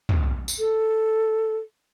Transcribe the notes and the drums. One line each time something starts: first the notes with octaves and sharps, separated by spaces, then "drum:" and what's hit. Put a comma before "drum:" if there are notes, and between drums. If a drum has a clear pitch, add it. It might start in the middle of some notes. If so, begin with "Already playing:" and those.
drum: tom
drum: tambourine
A4